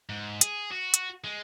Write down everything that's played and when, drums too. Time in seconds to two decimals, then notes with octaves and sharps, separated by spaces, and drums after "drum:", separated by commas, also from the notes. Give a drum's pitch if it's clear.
0.09 G#2
0.41 G#4, drum: hi-hat
0.71 F#4
0.94 drum: hi-hat
1.24 G#3